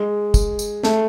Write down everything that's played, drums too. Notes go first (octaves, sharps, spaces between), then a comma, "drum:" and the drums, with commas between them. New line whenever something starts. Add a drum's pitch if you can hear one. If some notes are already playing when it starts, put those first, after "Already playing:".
Already playing: G#3
drum: kick, tambourine
drum: tambourine
A3, drum: snare